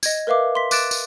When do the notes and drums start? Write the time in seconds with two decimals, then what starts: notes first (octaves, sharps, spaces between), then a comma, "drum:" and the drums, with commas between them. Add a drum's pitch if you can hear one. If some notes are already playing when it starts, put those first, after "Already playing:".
0.03 D#5 G#6, drum: tambourine
0.27 A#4 B4 E5 F5 D6
0.55 C6 B6
0.71 D6 F#6 A6 D7 E7, drum: tambourine
0.91 drum: tambourine